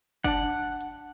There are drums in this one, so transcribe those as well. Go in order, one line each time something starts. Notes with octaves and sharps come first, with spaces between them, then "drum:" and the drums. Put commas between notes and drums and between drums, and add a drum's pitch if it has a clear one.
D4 D5 F#5 A5, drum: kick, hi-hat
drum: hi-hat